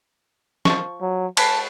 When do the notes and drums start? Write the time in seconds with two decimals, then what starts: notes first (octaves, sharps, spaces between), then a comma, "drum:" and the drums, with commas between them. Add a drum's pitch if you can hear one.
0.65 F3 C#6, drum: snare
1.01 F#3
1.37 G#3 B4 A5, drum: cymbal